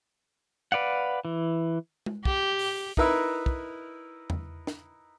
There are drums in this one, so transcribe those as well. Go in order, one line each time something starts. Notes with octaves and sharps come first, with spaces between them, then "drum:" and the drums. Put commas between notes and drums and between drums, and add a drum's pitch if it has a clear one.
B4 D5 F5 F#5
E3
drum: tom G#3
G4, drum: kick
drum: open hi-hat
D#4 E4 A#4 B4 E5, drum: kick
drum: kick
drum: tom E2
drum: snare